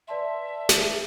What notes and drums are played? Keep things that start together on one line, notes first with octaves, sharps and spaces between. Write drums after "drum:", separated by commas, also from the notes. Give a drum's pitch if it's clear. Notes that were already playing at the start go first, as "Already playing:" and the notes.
B4 D5 E5 A5 C6
drum: snare